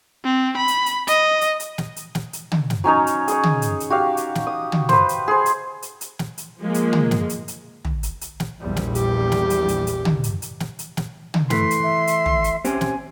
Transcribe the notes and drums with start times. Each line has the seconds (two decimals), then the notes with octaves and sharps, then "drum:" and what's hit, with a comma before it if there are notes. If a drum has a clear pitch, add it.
0.25 C4
0.57 B5
0.68 drum: hi-hat
0.86 drum: hi-hat
1.07 D#5, drum: hi-hat
1.41 drum: hi-hat
1.60 drum: hi-hat
1.78 drum: snare
1.96 drum: hi-hat
2.15 drum: snare
2.33 drum: hi-hat
2.52 drum: tom
2.70 drum: snare
2.84 F#3 C#4 D#4 C#5
3.07 drum: hi-hat
3.28 G#4 C#5, drum: hi-hat
3.43 drum: tom
3.62 drum: hi-hat
3.80 drum: hi-hat
3.90 F#4 G4 F5
4.17 drum: hi-hat
4.35 drum: snare
4.47 D#6
4.72 drum: tom
4.89 B4 C5, drum: snare
5.09 drum: hi-hat
5.28 G#4 C5
5.46 drum: hi-hat
5.82 drum: hi-hat
6.01 drum: hi-hat
6.19 drum: snare
6.38 drum: hi-hat
6.59 F3 G#3 A#3
6.74 drum: hi-hat
6.93 drum: tom
7.11 drum: snare
7.29 drum: hi-hat
7.48 drum: hi-hat
7.85 drum: tom
8.03 drum: hi-hat
8.21 drum: hi-hat
8.40 drum: snare
8.61 A#1 E2 G3
8.77 drum: snare
8.95 G4, drum: hi-hat
9.32 drum: snare
9.50 drum: hi-hat
9.68 drum: hi-hat
9.87 drum: hi-hat
10.05 drum: tom
10.24 drum: hi-hat
10.42 drum: hi-hat
10.60 drum: snare
10.79 drum: hi-hat
10.97 drum: snare
11.34 drum: tom
11.50 E3 A3 C6 B6, drum: snare
11.71 drum: hi-hat
11.83 E5
12.07 drum: hi-hat
12.26 drum: tom
12.44 drum: hi-hat
12.65 C4 C#4 G4 G#5, drum: hi-hat
12.81 drum: snare